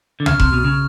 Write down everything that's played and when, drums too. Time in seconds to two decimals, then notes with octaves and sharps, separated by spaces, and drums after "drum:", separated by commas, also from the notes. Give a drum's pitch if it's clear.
0.20 D3
0.26 C#3 F6, drum: tom
0.40 C3, drum: kick F1
0.53 B2
0.65 C#3